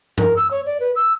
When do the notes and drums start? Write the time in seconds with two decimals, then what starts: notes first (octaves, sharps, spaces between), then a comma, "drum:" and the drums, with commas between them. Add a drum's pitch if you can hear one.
0.18 A#4, drum: tom G2
0.37 E6
0.51 C#5
0.66 D5
0.80 B4
0.96 E6